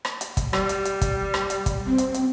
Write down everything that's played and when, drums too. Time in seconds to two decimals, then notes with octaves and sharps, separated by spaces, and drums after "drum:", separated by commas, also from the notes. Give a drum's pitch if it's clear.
0.05 drum: rim click
0.21 drum: hi-hat
0.37 drum: kick, hi-hat
0.53 G3, drum: rim click
0.69 drum: hi-hat
0.85 drum: hi-hat
1.01 drum: kick, hi-hat
1.34 drum: rim click
1.50 drum: hi-hat
1.66 drum: kick, hi-hat
1.87 C4
1.98 drum: hi-hat
2.14 drum: hi-hat